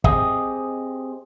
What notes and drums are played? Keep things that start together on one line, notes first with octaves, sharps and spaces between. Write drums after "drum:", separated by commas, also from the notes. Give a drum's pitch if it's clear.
C4 G4 G#4 D#5, drum: kick